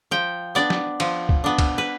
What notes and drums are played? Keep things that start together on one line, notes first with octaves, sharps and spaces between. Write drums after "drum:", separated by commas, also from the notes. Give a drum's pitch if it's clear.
F3 G5
B3 D4 D5
drum: snare
F3, drum: cymbal
drum: kick
B3 D4
drum: kick, cymbal
B4